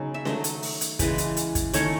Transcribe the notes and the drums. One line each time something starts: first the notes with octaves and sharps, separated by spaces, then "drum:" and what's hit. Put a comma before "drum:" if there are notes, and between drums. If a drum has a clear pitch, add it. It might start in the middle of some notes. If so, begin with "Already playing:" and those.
Already playing: C#3 F#3 B3 D#4
E5
D#3 F#3 A3 D#5, drum: snare C#4
drum: hi-hat
drum: open hi-hat
drum: hi-hat
C#3 E3 G#3 B4, drum: kick, hi-hat
drum: hi-hat
drum: hi-hat
drum: kick, hi-hat
D#3 A3 C#4 C#5, drum: hi-hat